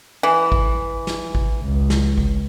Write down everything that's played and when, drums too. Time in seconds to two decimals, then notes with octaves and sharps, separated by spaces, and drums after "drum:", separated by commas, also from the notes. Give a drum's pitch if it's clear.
0.23 E3
0.52 drum: kick G#1
1.07 drum: snare
1.35 drum: kick G#1
1.62 C#2
1.90 drum: snare
2.18 drum: kick G#1